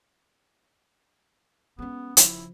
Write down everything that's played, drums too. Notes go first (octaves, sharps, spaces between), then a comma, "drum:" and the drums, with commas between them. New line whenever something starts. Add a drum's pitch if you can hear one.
G#3 B3 C#4
C#3 F3 E4, drum: hi-hat